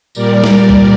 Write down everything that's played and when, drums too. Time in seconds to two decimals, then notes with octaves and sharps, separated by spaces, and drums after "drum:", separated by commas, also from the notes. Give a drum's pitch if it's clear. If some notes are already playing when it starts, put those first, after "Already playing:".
0.15 A#2 G3 A#4 D5, drum: tambourine
0.44 drum: snare
0.69 drum: kick B1